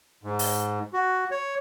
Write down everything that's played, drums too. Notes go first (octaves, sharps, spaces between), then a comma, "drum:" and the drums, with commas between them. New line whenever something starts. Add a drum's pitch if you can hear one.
G#2
drum: open hi-hat
F#4
C#5